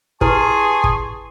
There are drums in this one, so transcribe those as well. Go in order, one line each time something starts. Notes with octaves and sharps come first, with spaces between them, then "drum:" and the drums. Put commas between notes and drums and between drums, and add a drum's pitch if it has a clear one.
E4 G4 G#4 B4 A5 C6 C#6, drum: kick
drum: kick